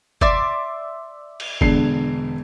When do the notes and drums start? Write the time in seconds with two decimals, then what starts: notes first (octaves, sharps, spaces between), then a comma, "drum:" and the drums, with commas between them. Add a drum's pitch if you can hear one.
0.21 D5 E5 C6, drum: kick F#1
1.40 drum: cymbal
1.61 E1 D3 C7, drum: kick F#1